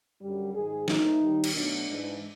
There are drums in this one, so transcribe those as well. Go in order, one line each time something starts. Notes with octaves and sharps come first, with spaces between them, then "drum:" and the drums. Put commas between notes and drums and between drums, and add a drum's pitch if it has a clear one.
F#2 D3 G3
G#2 D#3 G#3 G#4
A2 E3 A3 D#4, drum: snare
D#2 D#3 G3
drum: cymbal
B2 F#3 A3 D4
G#2 E3 G#3